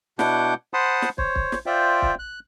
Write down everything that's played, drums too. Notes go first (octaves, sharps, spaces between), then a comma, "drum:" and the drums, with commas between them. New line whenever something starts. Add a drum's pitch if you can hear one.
B2 D4 E4 F#5 D6 G6, drum: snare
C5 F#5 A5 B5 C6 D#6
drum: snare
C5 C#5, drum: kick
drum: kick
drum: snare
F4 C5 D5 E5 G5
drum: kick
F#6